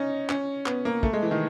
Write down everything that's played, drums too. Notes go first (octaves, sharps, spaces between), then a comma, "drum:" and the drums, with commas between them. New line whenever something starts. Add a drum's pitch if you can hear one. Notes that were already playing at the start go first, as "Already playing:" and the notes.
Already playing: C#4 D#4
C#4, drum: clap
B3, drum: clap
A#3
A3, drum: kick
G#3
E3
D#3